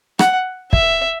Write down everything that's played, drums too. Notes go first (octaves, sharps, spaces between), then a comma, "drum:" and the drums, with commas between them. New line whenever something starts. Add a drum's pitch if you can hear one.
F#5, drum: rim click
E5, drum: kick